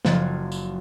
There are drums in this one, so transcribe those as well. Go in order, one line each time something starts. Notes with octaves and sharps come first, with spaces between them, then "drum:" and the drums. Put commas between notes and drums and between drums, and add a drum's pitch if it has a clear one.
F#1 F3 F#3 G#6 A6, drum: snare
drum: tambourine